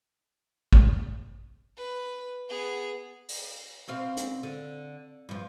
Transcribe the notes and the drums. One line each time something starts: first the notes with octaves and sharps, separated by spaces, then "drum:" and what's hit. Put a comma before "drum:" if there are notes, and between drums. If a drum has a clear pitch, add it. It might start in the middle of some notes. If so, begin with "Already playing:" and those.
drum: kick
B4
B3 G#4
drum: open hi-hat
B2 C4 F5
drum: hi-hat
D3
G2 F3